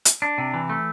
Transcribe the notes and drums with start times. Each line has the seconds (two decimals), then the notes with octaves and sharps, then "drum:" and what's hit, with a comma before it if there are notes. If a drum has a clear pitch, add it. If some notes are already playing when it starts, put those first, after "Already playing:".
0.05 drum: hi-hat
0.22 D4
0.38 C3
0.54 E3
0.69 A3